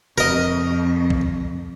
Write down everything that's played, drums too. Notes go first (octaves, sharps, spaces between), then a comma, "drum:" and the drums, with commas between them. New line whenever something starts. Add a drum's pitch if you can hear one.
F2 A#4 D#5, drum: tom C3
drum: kick B1